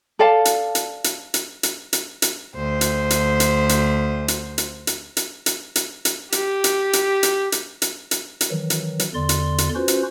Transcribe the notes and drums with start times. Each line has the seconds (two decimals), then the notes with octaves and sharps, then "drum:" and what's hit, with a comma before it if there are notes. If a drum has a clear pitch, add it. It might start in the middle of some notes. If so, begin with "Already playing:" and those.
0.19 A4 D5 F5 A5
0.45 drum: hi-hat
0.75 drum: hi-hat
1.04 drum: hi-hat
1.34 drum: hi-hat
1.63 drum: hi-hat
1.93 drum: hi-hat
2.22 drum: hi-hat
2.55 D2 C5
2.81 drum: hi-hat
3.10 drum: hi-hat
3.40 drum: hi-hat
3.69 drum: hi-hat
4.28 drum: hi-hat
4.58 drum: hi-hat
4.87 drum: hi-hat
5.17 drum: hi-hat
5.46 drum: hi-hat
5.76 drum: hi-hat
6.05 drum: hi-hat
6.32 G4, drum: hi-hat
6.64 drum: hi-hat
6.93 drum: hi-hat
7.23 drum: hi-hat
7.52 drum: hi-hat
7.82 drum: hi-hat
8.11 drum: hi-hat
8.41 drum: hi-hat
8.51 D#3 E3 F#3
8.70 drum: hi-hat
8.99 drum: hi-hat
9.14 E2 D3 D5 C6
9.29 drum: hi-hat
9.58 drum: hi-hat
9.75 C#4 F4 F#4 B4 C5
9.88 drum: hi-hat